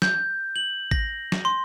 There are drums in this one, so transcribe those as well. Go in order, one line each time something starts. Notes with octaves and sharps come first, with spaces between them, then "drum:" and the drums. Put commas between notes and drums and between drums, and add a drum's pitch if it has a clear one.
G6, drum: snare
F#7
A#6, drum: kick A1
drum: snare
C6